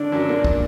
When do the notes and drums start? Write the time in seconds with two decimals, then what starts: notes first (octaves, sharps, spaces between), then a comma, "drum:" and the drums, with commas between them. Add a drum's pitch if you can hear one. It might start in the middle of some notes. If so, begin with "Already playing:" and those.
Already playing: D3 D#3 D4
0.12 F#2 F#3
0.29 A#2 A#3
0.44 drum: kick